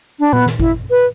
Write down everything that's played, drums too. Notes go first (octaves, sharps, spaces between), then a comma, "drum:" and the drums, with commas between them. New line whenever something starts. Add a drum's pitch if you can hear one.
D4
B3, drum: tom A#2
drum: snare
E4, drum: kick G#1
B4